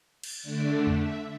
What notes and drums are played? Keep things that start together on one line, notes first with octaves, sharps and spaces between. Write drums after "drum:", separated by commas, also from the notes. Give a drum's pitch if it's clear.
drum: cymbal
D3 A3 D4 D5
drum: tom E2
E5